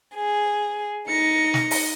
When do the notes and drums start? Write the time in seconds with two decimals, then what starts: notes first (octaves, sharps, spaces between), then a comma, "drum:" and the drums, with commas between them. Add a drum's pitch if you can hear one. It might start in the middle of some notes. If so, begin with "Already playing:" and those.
0.15 G#4
1.09 D#4 A#6 C#7
1.54 drum: snare
1.71 drum: open hi-hat